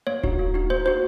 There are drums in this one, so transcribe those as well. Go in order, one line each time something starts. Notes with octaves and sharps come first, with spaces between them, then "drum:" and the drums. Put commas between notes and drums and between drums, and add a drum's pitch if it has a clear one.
A#3 C#5
D#4 F#4, drum: kick D#1
A#3
D#4 F#4
A#3 C5
D#4 F#4 C5